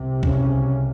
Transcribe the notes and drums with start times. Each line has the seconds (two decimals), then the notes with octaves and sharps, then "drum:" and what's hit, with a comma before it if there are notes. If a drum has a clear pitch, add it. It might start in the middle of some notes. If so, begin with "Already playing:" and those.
Already playing: C2 C3
0.23 C#3 C#4, drum: kick C2